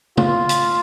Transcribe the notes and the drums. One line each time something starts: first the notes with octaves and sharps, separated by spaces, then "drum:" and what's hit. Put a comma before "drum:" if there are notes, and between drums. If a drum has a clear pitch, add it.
F4, drum: tom
drum: hi-hat